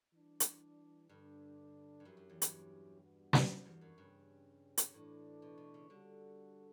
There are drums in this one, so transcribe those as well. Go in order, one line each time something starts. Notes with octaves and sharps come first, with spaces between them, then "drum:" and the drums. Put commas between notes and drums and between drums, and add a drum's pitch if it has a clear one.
E3 G3 D4
drum: hi-hat
G2 D3 G3 D4
G2
F#2 F#3 C#4 E4 G4
F#2
E2
G2, drum: hi-hat
G3 B3 D4 F#4
drum: snare
E2
F#2
G2 C#3 G3 C#4
drum: hi-hat
A2 E3 A3 D4
B2
B2
C#3
D3 G3 D4 F#4 A4